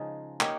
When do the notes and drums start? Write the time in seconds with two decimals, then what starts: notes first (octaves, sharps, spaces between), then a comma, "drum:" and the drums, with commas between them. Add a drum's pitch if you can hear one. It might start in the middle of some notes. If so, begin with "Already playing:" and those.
Already playing: C#3 F3 G#3 D#4
0.40 A#3 D#4 G4 C#5, drum: clap